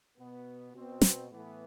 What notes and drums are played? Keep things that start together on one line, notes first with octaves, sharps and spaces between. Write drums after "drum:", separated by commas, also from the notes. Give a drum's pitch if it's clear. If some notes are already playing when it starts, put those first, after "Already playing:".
B2 B3
B2 C4
drum: snare
A2 E3 B3